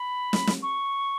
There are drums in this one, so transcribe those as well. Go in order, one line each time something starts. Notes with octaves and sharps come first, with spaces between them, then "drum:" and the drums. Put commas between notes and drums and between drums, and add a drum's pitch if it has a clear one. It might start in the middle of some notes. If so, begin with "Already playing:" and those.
Already playing: B5
drum: snare
drum: snare
C#6